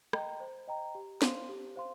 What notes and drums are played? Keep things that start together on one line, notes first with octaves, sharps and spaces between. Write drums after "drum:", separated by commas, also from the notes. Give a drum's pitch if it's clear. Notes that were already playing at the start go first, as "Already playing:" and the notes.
D#5 G5 A#5, drum: rim click
C5
D#5 G5 A#5
G4
C5 F5 C6, drum: snare
G4
C5 F5 C6